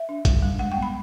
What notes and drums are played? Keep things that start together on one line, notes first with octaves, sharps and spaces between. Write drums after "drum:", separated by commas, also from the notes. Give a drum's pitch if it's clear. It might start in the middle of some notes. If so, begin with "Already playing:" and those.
Already playing: E5
D4
G3, drum: kick, hi-hat
G3
G#3 F#5
G5
B3
B5